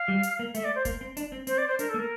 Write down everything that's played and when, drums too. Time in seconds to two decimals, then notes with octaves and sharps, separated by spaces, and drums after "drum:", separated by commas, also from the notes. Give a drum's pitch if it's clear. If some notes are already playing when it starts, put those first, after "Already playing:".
Already playing: F5
0.08 G3
0.23 drum: hi-hat
0.39 A#3
0.55 A3 E5, drum: hi-hat
0.64 D5
0.75 C5
0.85 A#3, drum: kick F1, hi-hat
1.01 C4
1.17 D4, drum: hi-hat
1.32 C4
1.47 C4 C5, drum: hi-hat
1.58 D5
1.68 C5
1.79 D4 A#4, drum: hi-hat
1.89 A4
1.94 A#3
1.99 A#4